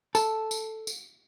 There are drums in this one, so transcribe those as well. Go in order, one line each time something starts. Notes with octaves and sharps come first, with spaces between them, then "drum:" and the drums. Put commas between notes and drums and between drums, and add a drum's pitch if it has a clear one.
A4, drum: tambourine
drum: tambourine
drum: tambourine